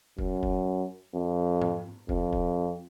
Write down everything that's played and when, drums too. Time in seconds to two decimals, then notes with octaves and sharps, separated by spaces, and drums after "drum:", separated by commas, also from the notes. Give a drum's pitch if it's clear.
0.19 F#2, drum: kick F1
0.43 drum: kick F1
1.14 F2
1.62 drum: tom G#2
2.09 F2, drum: kick F1
2.33 drum: kick F1